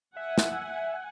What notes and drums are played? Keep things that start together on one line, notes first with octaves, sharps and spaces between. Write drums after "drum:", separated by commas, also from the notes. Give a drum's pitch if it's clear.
E5 F#5 G#5
drum: snare